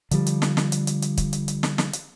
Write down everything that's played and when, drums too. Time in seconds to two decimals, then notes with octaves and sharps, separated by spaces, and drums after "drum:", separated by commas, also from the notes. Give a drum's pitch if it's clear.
0.11 D3 F3 G3, drum: hi-hat
0.26 drum: hi-hat
0.42 drum: snare
0.57 drum: snare
0.72 drum: hi-hat
0.87 drum: hi-hat
1.02 drum: hi-hat
1.17 drum: kick C#1, hi-hat
1.33 drum: hi-hat
1.48 drum: hi-hat
1.63 drum: snare
1.78 drum: snare
1.93 drum: hi-hat